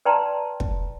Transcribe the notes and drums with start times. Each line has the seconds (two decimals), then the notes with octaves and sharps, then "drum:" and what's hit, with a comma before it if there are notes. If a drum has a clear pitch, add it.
0.05 B4 D5 G5 A5 A#5 C6
0.60 drum: kick